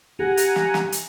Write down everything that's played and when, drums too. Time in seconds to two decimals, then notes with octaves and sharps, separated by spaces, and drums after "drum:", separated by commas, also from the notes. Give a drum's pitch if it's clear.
0.19 G4 F#5 G#5 A#5
0.37 drum: hi-hat
0.56 drum: snare
0.74 drum: snare
0.92 drum: hi-hat